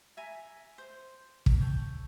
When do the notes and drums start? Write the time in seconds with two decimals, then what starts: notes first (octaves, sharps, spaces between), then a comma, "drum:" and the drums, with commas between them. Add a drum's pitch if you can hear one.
0.17 E5 G#5 A#5 B5
0.78 C5 C6
1.46 drum: kick
1.61 A4 C#5 G5